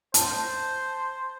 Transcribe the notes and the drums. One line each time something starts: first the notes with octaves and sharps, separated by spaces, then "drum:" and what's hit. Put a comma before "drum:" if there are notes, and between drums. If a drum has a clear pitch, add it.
C5 A5, drum: hi-hat